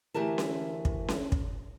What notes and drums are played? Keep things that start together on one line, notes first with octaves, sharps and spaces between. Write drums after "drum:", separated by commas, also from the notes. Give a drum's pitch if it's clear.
D2 E3 G4 A#4 A5
drum: snare C#4
drum: kick
drum: snare C#4
drum: kick